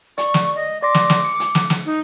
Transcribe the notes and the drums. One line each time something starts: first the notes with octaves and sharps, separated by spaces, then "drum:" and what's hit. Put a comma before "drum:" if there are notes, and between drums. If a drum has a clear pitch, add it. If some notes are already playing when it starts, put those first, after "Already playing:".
D5 C#6, drum: hi-hat
drum: snare
D#5
D5 C6 D6 A#6
drum: snare
drum: snare
C#7
drum: hi-hat
drum: snare
drum: snare
D#4